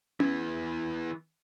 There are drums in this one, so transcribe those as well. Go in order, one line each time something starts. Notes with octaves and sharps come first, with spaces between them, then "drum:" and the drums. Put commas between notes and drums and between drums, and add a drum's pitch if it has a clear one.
E3 B3, drum: tom C#4